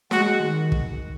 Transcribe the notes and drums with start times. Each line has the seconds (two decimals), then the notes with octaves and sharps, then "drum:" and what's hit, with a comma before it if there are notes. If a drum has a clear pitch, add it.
0.11 G#3 F#4, drum: snare
0.42 D#3
0.72 drum: kick